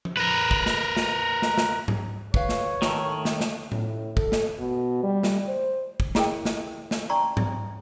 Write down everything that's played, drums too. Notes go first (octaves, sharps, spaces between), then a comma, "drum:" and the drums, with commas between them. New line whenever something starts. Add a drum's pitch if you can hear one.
drum: tom F3
A#4 B4
drum: kick
drum: snare
drum: snare
drum: snare
drum: snare
drum: tom G#2
F#3 B4 C#5 F5, drum: kick
drum: snare
A2 D#3 A3, drum: snare
drum: snare
drum: snare
A2, drum: tom A2
A4, drum: kick
drum: snare
B2
G3
drum: snare
C5
drum: kick
E4 G4 G#4 A#4 D#5 G5, drum: snare
drum: snare
drum: snare
C#4 D5 A5 A#5 C6 C#6
drum: tom G#2